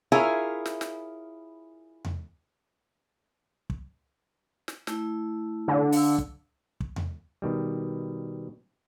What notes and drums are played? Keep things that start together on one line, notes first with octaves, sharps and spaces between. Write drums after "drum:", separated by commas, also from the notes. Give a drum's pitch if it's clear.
E4 F4 G#4 A#4 C#5 E5
drum: snare
drum: snare
drum: tom E2
drum: kick
drum: snare
A3 E4, drum: snare
D3
F5 E6, drum: open hi-hat
drum: kick
drum: kick
drum: tom E2
B2 D#3 G3